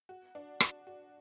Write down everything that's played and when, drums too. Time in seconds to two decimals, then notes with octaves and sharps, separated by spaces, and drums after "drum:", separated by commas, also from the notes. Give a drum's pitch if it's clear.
0.09 F#4
0.35 D4
0.60 F#4, drum: rim click
0.87 F#4